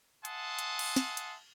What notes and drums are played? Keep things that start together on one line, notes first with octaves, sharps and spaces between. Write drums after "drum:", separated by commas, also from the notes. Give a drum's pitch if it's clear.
E5 F#5 G#5 A5 C6 D#6, drum: hi-hat
drum: hi-hat
drum: cymbal
drum: snare
drum: hi-hat